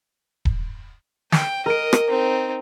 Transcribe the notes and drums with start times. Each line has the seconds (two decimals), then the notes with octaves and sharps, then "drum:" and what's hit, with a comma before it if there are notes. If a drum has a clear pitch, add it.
0.45 drum: kick D#1
1.32 G5, drum: snare
1.66 A#4 D#5 D7
1.93 drum: rim click
2.09 C4 D#4